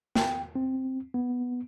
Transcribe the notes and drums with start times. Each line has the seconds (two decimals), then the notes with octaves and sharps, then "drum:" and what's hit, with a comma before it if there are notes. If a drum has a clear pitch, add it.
0.15 G5, drum: snare
0.55 C4
1.14 B3